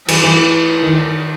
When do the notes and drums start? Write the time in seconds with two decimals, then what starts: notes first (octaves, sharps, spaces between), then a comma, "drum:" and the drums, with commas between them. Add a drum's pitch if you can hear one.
0.08 E3, drum: cymbal
0.24 E3
0.83 D#3